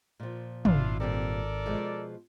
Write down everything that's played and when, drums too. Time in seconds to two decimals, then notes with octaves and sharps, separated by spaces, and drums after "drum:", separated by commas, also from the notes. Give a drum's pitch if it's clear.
0.20 A#2 F3
0.65 G#1 D4 E4 F4, drum: tom
1.00 A#2 G3 C4 A4 A#4 D5
1.66 B2 F3 G#3